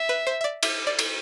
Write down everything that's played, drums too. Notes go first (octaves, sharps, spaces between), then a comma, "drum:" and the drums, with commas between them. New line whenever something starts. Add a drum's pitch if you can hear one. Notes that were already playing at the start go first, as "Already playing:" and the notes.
Already playing: E5
B4
C5
E5
D5
E5, drum: cymbal
D5
drum: cymbal